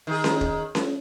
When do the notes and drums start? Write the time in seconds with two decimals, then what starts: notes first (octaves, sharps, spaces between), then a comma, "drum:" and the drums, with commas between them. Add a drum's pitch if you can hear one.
0.07 D#3 G#4
0.24 drum: snare C#4
0.41 drum: kick
0.75 drum: snare C#4